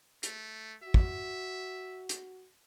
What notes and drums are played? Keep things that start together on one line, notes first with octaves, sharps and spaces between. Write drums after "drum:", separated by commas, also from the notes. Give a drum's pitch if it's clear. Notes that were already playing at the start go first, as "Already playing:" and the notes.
A3, drum: hi-hat
F#4 E5
drum: kick
drum: hi-hat